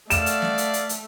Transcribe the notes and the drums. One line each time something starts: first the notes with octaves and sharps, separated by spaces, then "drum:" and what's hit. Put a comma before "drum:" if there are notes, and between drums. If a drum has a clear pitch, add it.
A3 D5 F5 F#5 E7, drum: hi-hat
drum: hi-hat
drum: snare
drum: hi-hat
drum: hi-hat
drum: hi-hat